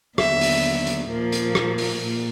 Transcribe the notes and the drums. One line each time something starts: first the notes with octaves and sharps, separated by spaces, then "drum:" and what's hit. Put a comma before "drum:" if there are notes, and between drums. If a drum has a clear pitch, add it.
D#2 D3 F#3 B3 E5, drum: rim click
drum: open hi-hat
drum: hi-hat
A#2 F3 A#3
drum: hi-hat
drum: rim click
drum: open hi-hat
A#2